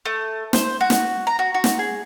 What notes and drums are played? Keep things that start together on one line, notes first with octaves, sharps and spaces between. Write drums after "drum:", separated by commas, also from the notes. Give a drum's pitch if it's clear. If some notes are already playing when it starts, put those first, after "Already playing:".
A3
C5, drum: snare
F#4
drum: snare
A#5
F#4
F#4
drum: snare
G#4